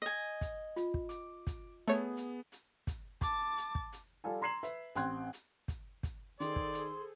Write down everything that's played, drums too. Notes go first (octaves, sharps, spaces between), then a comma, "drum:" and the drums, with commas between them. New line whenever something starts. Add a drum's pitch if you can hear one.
D#5 G#5
drum: kick, hi-hat
F4, drum: hi-hat
drum: kick
D6, drum: hi-hat
drum: kick, hi-hat
A3 B3 G#4 C#5
drum: hi-hat
drum: hi-hat
drum: kick, hi-hat
A5 D6, drum: kick, hi-hat
drum: hi-hat
drum: kick
drum: hi-hat
G3 F4 A4 G#5
A#5 C6 G#6 C7 E7 F#7
B4 E5, drum: hi-hat
A1 C4 G5 C6 F#6 G#6, drum: hi-hat
drum: hi-hat
drum: kick, hi-hat
drum: kick, hi-hat
D#3 G#4 A4 C5 D5 C6, drum: hi-hat
drum: kick
drum: hi-hat